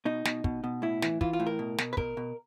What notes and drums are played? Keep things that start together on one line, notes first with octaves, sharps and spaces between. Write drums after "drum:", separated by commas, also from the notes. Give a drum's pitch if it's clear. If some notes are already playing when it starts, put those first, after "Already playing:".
B2 D#4
B2, drum: snare
B2, drum: kick
B2
A2 E4
E3, drum: snare
E3 F4, drum: kick
F4
A2
A#4
B2
B2, drum: snare
B4
B2 A#4, drum: kick
B2